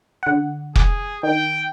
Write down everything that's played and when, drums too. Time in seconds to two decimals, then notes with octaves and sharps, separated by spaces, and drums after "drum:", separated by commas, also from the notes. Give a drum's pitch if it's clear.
0.23 D3 F#5
0.75 G#4, drum: kick
1.23 D#3 G5